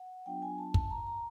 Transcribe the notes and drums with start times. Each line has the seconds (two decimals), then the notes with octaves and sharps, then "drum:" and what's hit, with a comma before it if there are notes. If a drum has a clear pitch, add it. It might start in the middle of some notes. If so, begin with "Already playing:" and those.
Already playing: F#5
0.26 F#3 B3 D4 F4 G5
0.42 G#5
0.58 A5
0.74 A5, drum: kick
0.90 A#5
1.07 A#5